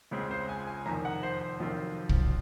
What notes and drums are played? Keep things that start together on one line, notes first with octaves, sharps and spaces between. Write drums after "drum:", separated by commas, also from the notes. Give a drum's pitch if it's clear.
C#2 C#3 G#3 C4 G#4
C5
G#5
G#5
F1 F2 D#3 A#5
F#5
C5
C5
F1 F2 D#3 F#3 C4 F4
drum: kick